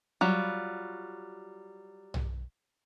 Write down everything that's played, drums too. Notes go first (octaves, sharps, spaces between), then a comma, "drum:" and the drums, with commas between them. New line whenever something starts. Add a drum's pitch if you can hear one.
F#3 G3 F4
drum: tom B1